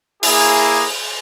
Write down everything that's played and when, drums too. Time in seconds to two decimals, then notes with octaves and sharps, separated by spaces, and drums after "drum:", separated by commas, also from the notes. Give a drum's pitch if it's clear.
0.23 A#3 E4 G#4, drum: open hi-hat